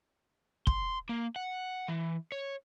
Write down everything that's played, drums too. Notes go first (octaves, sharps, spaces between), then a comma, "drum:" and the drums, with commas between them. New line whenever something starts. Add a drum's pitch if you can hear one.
C6, drum: kick
A#3
F#5
E3
C#5